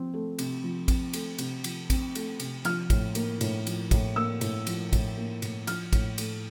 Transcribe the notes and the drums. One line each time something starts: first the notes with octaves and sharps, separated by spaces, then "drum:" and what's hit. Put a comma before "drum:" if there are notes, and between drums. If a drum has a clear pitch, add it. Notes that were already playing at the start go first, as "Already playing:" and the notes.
Already playing: F3 C4
A3
C3, drum: cymbal
F3
C4, drum: kick A1, cymbal
A3, drum: cymbal
C3, drum: cymbal
F3, drum: cymbal
C4, drum: kick A1, cymbal
A3, drum: cymbal
C3, drum: cymbal
F3 F6, drum: cymbal
A2, drum: kick A1, cymbal
A#3, drum: cymbal
A2, drum: cymbal
F3, drum: cymbal
A2, drum: kick A1, cymbal
A#3 E6
A2, drum: cymbal
F3, drum: cymbal
A2, drum: kick A1, cymbal
A#3
A2, drum: cymbal
F3 F6, drum: cymbal
A2, drum: kick A1, cymbal
A3, drum: cymbal